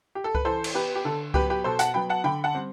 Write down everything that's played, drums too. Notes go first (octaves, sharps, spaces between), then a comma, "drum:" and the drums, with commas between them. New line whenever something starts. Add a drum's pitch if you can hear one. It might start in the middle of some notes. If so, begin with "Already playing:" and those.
G4
A4
B4, drum: kick C#2
E3 A4 C5
drum: cymbal
B3 G4 B4
G4
D3 A4
F#3 B3 G4 B4, drum: kick C#2
G4 B4
B2 A4 C5
F#5 A5, drum: hi-hat
F#3 B3 G5 B5
F#5 A5
D3 G5 B5
F#5 A5
G3 C4